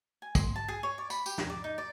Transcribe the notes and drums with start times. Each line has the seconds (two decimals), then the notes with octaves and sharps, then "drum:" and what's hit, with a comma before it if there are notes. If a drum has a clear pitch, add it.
0.22 G#5
0.35 C6, drum: kick, tambourine
0.56 A5
0.68 G#4
0.83 C#5
0.98 D5
1.10 B5, drum: tambourine
1.26 G4, drum: tambourine
1.38 A#5, drum: snare
1.50 D5
1.64 D#4
1.78 D5